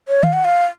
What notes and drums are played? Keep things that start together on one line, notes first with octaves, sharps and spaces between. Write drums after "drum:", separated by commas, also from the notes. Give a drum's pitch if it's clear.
C#5
F5, drum: tom D#3
F#5
F5